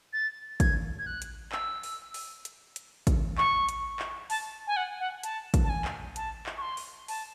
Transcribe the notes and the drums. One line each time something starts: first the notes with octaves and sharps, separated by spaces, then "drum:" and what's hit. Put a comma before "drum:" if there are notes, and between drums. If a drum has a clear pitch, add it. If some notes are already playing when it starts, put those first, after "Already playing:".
A6
G#6, drum: kick A1, hi-hat
G#6
F#6
drum: hi-hat
E6, drum: clap
drum: open hi-hat
drum: open hi-hat
drum: hi-hat
drum: hi-hat
drum: kick A1, hi-hat
C#6, drum: clap
drum: hi-hat
drum: clap
A5, drum: open hi-hat
G#5
F#5
F#5
A5, drum: hi-hat
drum: kick A1, hi-hat
A5
G#5
drum: clap
A5, drum: hi-hat
drum: clap
C#6
C6
drum: open hi-hat
A5, drum: open hi-hat